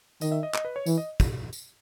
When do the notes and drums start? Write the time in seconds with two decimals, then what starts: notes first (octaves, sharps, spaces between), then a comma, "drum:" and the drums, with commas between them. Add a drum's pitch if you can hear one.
0.21 D#3 D#5, drum: tambourine
0.32 E5
0.43 D#5
0.54 D#5, drum: clap
0.65 B4
0.76 C#5
0.86 E3, drum: tambourine
0.98 D#5
1.20 drum: kick, tambourine
1.53 drum: tambourine